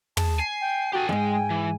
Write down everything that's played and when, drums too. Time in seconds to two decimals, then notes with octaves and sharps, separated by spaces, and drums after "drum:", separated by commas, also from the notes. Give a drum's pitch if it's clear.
0.17 G#4 A5, drum: tom
0.39 G#5 C7
0.61 G5
0.93 F#4 G4 A4 G5 G#5
1.09 E2 G#2 G#3 G#5
1.50 E3